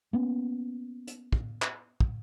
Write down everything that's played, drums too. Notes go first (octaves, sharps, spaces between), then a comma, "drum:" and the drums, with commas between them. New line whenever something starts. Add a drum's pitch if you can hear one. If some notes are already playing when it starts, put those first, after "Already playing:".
A#3 B3 C#4
drum: hi-hat
drum: kick
drum: clap
drum: kick